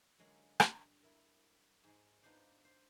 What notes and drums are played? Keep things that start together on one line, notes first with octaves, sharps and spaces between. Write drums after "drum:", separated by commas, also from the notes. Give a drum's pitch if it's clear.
D3 F#3 G#3 C#4 F4 A#4
G2, drum: rim click
E4 A#4
G#2 G#3
B3 D4 D#4 F4 C5 D5
C5